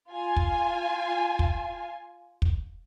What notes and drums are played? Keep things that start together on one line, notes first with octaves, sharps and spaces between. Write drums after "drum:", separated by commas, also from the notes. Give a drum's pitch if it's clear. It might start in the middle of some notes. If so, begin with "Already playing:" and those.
F4 G#5
drum: kick
drum: kick
drum: kick